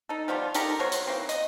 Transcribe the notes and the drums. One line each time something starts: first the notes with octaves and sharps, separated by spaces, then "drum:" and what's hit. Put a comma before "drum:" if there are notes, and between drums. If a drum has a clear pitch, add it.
D#4 A4
F3 G3 B3 F4
D#4 G4 A4 A#4, drum: hi-hat
F#3 B3 C5 C#5
drum: hi-hat
E3 A#3 C4
D#5, drum: hi-hat